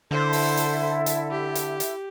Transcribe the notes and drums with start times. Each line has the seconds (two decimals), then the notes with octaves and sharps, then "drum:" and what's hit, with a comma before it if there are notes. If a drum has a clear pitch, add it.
0.11 D3 E4 A4 C5 E5
0.33 drum: open hi-hat
0.57 drum: hi-hat
1.06 drum: hi-hat
1.31 G4
1.55 drum: hi-hat
1.80 drum: hi-hat